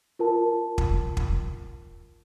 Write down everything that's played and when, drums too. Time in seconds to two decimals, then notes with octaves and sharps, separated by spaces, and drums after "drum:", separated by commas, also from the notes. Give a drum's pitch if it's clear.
0.19 F4 A#4 A5
0.78 drum: kick
1.17 drum: kick